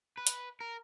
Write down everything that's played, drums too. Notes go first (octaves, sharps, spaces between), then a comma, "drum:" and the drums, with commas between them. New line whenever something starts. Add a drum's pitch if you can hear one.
B4
drum: hi-hat
A#4